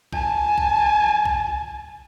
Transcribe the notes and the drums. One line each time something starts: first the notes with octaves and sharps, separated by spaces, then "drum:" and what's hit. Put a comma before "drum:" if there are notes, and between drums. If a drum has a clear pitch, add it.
G#5 A5, drum: kick B1
drum: kick B1
drum: kick B1